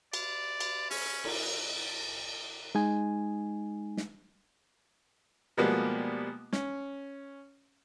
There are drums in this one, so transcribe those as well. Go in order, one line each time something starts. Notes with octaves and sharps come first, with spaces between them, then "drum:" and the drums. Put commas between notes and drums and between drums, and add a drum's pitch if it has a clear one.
D5, drum: cymbal
drum: cymbal
C#4, drum: open hi-hat
drum: cymbal
G#3 D#4 G#5
drum: snare
B2 F3 G3 G#3 A#3 B3
C#4, drum: snare